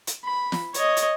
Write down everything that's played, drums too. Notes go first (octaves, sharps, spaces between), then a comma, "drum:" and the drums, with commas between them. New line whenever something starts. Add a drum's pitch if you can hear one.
drum: hi-hat
B5
drum: snare
C#5 D#5, drum: hi-hat
drum: hi-hat